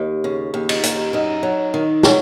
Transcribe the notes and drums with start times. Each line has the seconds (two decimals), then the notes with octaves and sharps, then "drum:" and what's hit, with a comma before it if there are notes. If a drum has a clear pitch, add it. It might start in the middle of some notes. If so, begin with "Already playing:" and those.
Already playing: D#2
0.24 C#3
0.54 D#2
0.69 D#4, drum: cymbal
0.83 D#2, drum: hi-hat
1.13 F#2 D#4
1.43 F#3
1.74 D#3
2.03 F#3, drum: snare